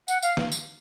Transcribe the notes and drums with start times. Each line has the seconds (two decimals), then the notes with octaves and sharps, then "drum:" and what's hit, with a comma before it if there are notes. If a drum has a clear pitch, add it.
0.08 F#5, drum: tambourine
0.23 F5, drum: tambourine
0.37 drum: snare
0.52 drum: tambourine